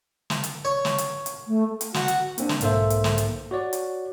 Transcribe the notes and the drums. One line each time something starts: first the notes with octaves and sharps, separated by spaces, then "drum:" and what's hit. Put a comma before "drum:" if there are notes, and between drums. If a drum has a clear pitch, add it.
drum: snare
drum: hi-hat
C#5
drum: snare
drum: hi-hat
drum: hi-hat
A3
drum: hi-hat
F#4, drum: snare
drum: hi-hat
A#3 C4 D4, drum: hi-hat
drum: snare
B1 G#2 A#3 A4 C5 E5, drum: hi-hat
drum: hi-hat
drum: snare
drum: hi-hat
F#4 C#5 D5
drum: hi-hat